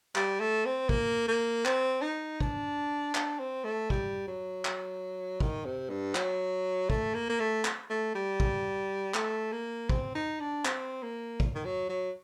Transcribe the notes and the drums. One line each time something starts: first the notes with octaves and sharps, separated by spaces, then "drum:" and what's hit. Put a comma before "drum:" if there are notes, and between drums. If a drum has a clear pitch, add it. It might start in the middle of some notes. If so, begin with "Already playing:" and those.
G3, drum: clap
A3
C4
A#3, drum: kick
A#3
C4, drum: clap
D#4
D4, drum: kick
D4, drum: clap
C4
A3
G3, drum: kick
F#3
drum: clap
D#3, drum: kick
C3
G2
F#3, drum: clap
A3, drum: kick
A#3
A#3
A3
drum: clap
A3
G3
drum: kick
A3, drum: clap
A#3
C4, drum: kick
D#4
D4
C4, drum: clap
A#3
drum: kick
D#3
F#3
F#3